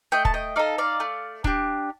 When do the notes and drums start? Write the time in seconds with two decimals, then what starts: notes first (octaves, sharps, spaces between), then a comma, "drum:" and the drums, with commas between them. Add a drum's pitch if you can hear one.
0.12 A3 D#5 G5
0.25 A5, drum: kick
0.34 D#5 G5
0.56 D#4 A4 D5 F5
0.78 D5 F5
1.00 A3
1.44 D4 G4, drum: kick